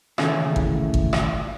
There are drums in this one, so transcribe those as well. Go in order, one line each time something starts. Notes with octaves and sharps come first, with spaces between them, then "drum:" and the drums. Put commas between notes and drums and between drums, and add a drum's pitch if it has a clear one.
D#2 A2 C#3 E3 A3, drum: rim click
drum: kick
drum: kick
drum: rim click